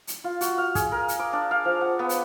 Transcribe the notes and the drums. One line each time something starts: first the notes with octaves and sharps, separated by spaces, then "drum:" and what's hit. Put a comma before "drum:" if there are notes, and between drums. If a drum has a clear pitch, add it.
drum: hi-hat
F4
F#4, drum: hi-hat
F5
G#4, drum: kick, hi-hat
A#4
drum: hi-hat
D6
D4
F5
F3
F#5
B3
drum: hi-hat